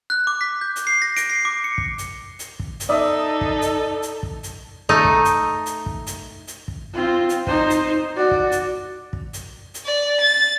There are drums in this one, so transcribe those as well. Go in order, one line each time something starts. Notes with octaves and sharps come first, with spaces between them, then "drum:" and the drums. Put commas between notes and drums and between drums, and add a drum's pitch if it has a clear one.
F#6
D6
B6
G6
drum: hi-hat
C7
A#6
D7, drum: hi-hat
C7
D6
C#7
drum: kick
drum: hi-hat
drum: hi-hat
drum: kick
drum: hi-hat
D#4 A4 D5 E5 D#6
drum: kick
drum: hi-hat
drum: hi-hat
drum: kick
drum: hi-hat
A3 D#4
drum: kick
drum: hi-hat
drum: hi-hat
drum: kick
drum: hi-hat
drum: hi-hat
drum: kick
C4 F4
drum: hi-hat
D#4 C5, drum: kick
drum: hi-hat
F#4 D5
drum: kick
drum: hi-hat
drum: kick
drum: hi-hat
drum: hi-hat
D5
A6